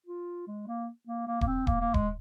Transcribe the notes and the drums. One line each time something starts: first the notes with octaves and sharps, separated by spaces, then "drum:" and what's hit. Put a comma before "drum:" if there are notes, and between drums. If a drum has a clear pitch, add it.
F4
G#3
A#3
A#3
A#3
A#3, drum: kick D#1
C4
A#3, drum: kick D#1
A#3
G#3, drum: kick D#1